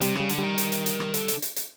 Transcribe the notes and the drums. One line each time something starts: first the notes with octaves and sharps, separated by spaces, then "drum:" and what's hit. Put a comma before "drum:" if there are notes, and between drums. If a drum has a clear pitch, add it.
C3 G3, drum: hi-hat
C#3 G3, drum: rim click
D3, drum: hi-hat
D#3 G3
drum: hi-hat
drum: hi-hat
drum: hi-hat
drum: rim click
D3, drum: hi-hat
drum: hi-hat
drum: hi-hat
drum: hi-hat